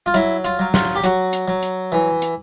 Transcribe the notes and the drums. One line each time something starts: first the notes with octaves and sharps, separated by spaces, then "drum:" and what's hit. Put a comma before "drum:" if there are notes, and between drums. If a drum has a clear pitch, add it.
F4
F#3 E4, drum: hi-hat
F4, drum: hi-hat
F#3
F4, drum: snare
G4
F#3 F#4, drum: hi-hat
drum: hi-hat
F#3
drum: hi-hat
E3
drum: hi-hat